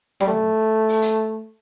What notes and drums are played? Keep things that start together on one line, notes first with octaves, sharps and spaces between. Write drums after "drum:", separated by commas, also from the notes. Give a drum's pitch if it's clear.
G3, drum: tom F#3
A3
drum: open hi-hat
drum: hi-hat